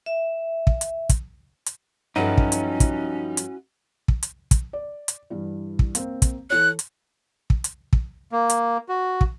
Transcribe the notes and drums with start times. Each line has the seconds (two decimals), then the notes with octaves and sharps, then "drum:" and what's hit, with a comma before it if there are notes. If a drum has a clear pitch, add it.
0.06 E5
0.67 drum: kick
0.81 drum: hi-hat
1.09 drum: kick, hi-hat
1.66 drum: hi-hat
2.16 G2 F3 F#3 C#4 D#4 E4 A4
2.38 drum: kick
2.52 drum: hi-hat
2.80 drum: kick, hi-hat
3.37 drum: hi-hat
4.08 drum: kick
4.23 drum: hi-hat
4.51 drum: kick, hi-hat
4.73 D5
5.08 drum: hi-hat
5.30 G2 E3 G3
5.79 drum: kick
5.95 A#3 C4, drum: hi-hat
6.22 drum: kick, hi-hat
6.50 E3 A4 C#5 F#6
6.79 drum: hi-hat
7.50 drum: kick
7.64 drum: hi-hat
7.93 drum: kick
8.32 A#3
8.50 drum: hi-hat
8.89 F#4
9.21 drum: kick